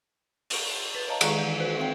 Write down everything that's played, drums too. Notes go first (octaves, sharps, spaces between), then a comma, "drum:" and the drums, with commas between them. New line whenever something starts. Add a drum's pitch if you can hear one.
drum: open hi-hat
B4 A6
C#5 D#5 F5 A5 A#5
D#3 G#3 F5 A#5 C#6, drum: cymbal
E3
F#4 B4 C5
C4 E5 F5 G5